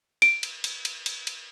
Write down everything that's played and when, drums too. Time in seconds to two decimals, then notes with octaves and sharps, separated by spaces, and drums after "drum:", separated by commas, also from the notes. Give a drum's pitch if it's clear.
0.22 D7, drum: cymbal
0.43 drum: cymbal
0.64 drum: cymbal
0.85 drum: cymbal
1.06 drum: cymbal
1.27 drum: cymbal